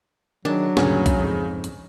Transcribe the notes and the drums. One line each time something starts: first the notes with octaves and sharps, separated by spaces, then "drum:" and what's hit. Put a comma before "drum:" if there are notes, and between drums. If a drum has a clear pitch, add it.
D#3 F#3 D4 G#4
D2 G2 A#2 C#3 C#4, drum: snare
drum: kick B1, hi-hat
F2 G#2
drum: hi-hat